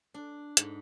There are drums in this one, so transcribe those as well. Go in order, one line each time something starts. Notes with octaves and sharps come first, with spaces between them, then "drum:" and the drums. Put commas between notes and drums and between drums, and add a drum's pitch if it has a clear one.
D4
G#2, drum: hi-hat